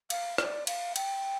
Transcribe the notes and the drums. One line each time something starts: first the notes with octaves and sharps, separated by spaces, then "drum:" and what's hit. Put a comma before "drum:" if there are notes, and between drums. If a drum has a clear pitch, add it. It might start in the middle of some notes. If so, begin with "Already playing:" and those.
F5, drum: cymbal
D5, drum: rim click
F5, drum: cymbal
G5, drum: cymbal